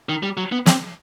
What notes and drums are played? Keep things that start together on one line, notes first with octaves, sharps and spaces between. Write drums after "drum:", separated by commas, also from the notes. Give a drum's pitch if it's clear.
D#3
G3
F#3
B3
C4, drum: snare